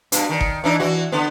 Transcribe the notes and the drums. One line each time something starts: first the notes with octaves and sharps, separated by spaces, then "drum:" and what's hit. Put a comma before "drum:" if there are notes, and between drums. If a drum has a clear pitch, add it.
G2 B2, drum: hi-hat
D#3
drum: kick G1
E3 D4 D#4
E3 F#4
D3 B3